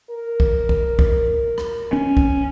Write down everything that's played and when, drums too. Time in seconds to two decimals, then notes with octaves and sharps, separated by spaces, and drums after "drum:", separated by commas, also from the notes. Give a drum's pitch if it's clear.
0.10 A#4
0.40 drum: kick
0.69 drum: kick
0.99 drum: kick
1.58 drum: rim click
1.93 C#4
2.17 drum: kick